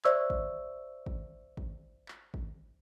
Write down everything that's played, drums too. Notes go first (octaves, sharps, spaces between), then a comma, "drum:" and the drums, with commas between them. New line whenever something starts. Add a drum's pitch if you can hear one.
C5 D5 E5 C#6 E6, drum: clap
drum: kick G#1
drum: kick G#1
drum: kick G#1
drum: clap
drum: kick G#1